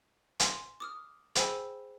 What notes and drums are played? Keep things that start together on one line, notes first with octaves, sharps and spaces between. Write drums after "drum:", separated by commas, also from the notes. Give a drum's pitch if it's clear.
G#5 C6, drum: hi-hat
D6 D#6 F6
G#4 C5 G5 G#5 B5 E6, drum: hi-hat